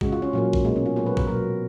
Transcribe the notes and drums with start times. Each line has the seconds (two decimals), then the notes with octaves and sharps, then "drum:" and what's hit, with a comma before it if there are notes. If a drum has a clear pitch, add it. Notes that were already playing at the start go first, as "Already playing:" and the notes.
0.01 C#3 G#3 F#4, drum: kick
0.12 F4
0.22 C#4
0.33 A#2 F#3 A#3
0.53 drum: kick
0.65 B2 G#3 A#3
0.76 C#4
0.86 F4
0.96 A#2 F#3 A#3 F#4
1.06 B4
1.17 A#4, drum: kick
1.27 B2 F#3 A#3 A#4